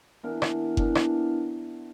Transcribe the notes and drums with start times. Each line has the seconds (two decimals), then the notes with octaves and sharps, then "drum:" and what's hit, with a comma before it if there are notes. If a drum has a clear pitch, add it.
0.23 E3 B3 D4 A#4
0.42 drum: rim click
0.77 E3 B3 D4 A#4, drum: kick F#1
0.95 drum: rim click